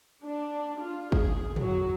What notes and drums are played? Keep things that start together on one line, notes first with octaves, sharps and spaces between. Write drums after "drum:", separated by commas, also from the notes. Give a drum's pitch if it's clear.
D4
F4
G#4, drum: kick
F#3, drum: tom